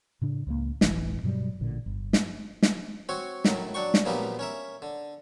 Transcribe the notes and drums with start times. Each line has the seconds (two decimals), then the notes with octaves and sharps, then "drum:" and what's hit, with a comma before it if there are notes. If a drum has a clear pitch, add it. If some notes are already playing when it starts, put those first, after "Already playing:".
0.21 A2 C#3 D4
0.47 C#2 F3 A#3
0.81 E1 A1 E3, drum: snare
1.23 G2 B2 F#3 G3
1.61 A1 A#2 D3
1.86 G1
2.13 drum: snare
2.63 drum: snare
3.09 C4 F#4 C#5
3.45 A2 D#3 F#3, drum: snare
3.74 F#3 D4 G5 C#6
3.94 drum: snare
4.05 A#2 F3 F#3 A#3 B3 G4
4.39 C#4 A#4 E5
4.82 D3